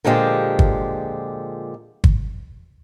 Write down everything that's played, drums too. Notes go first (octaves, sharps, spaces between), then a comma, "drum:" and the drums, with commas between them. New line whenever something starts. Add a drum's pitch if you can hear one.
A#2 D3 F3 G#3 G4
drum: kick
drum: kick